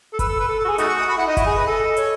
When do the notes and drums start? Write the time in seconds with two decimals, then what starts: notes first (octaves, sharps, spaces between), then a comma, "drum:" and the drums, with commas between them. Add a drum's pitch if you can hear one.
0.13 A4
0.19 B4 E6, drum: kick G1, hi-hat
0.29 A4
0.40 B4
0.49 A4
0.59 A4
0.65 F#4
0.68 G#4
0.78 A3 D#4 F#4 D#6, drum: hi-hat
0.89 C#6
0.98 D#6
1.08 F#4 B5
1.17 E4 F#5
1.27 D#4 D#5
1.37 E4, drum: kick G1, hi-hat
1.46 G#4
1.57 B4
1.67 A4
1.97 C#5, drum: hi-hat